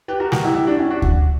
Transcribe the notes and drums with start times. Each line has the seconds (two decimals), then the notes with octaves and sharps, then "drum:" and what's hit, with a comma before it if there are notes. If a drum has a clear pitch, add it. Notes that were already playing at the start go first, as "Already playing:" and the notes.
0.08 G4 B4
0.20 F#4 A#4
0.32 F#4 A#4, drum: snare
0.44 E4 G4
0.55 E4 G4
0.67 D4 F#4
0.78 C#4 E4
0.90 D4 F#4
1.02 drum: kick D2